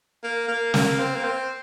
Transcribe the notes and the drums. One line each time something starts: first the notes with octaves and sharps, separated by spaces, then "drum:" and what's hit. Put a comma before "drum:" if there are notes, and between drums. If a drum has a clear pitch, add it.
A#3
A#3
A#3, drum: snare
C4
A#3
C4